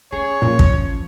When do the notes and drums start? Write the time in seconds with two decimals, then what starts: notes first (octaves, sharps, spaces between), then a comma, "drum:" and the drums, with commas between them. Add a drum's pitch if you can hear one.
0.12 C#4 G#4 C#5
0.42 F#2 A#2 F3 C#4
0.59 drum: kick